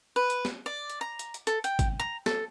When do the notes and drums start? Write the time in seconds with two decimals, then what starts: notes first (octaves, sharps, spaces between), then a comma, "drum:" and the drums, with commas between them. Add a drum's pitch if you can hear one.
0.16 B4
0.30 drum: hi-hat
0.45 drum: snare
0.66 D5
0.90 drum: hi-hat
1.01 A#5
1.19 drum: hi-hat
1.34 drum: hi-hat
1.47 A4, drum: hi-hat
1.64 G5, drum: hi-hat
1.79 drum: kick G#1, hi-hat
1.99 A#5
2.26 A4, drum: snare